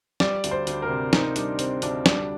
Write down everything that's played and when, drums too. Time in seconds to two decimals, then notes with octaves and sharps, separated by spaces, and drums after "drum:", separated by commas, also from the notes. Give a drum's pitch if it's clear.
0.20 G3 D5, drum: snare
0.44 D2, drum: hi-hat
0.51 C5
0.67 D2, drum: hi-hat
0.82 A#4
0.89 C3
1.13 D2 D#4, drum: snare
1.36 G3 D4, drum: hi-hat
1.59 C3 C4, drum: hi-hat
1.82 D2 D4, drum: hi-hat
2.06 G3 D4, drum: snare